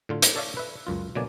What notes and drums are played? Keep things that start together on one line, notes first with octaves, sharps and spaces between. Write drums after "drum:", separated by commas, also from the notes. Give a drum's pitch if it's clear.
A2 D3 F4
drum: hi-hat
A4 C#5 D5 E5 F5
B4 E5
C#2 F#2 F4
B2 D3 F#3 A#3 D5 G#5